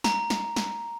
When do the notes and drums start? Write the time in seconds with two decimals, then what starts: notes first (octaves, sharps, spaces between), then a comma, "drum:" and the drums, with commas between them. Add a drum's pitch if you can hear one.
0.04 A#5, drum: snare
0.30 drum: snare
0.56 drum: snare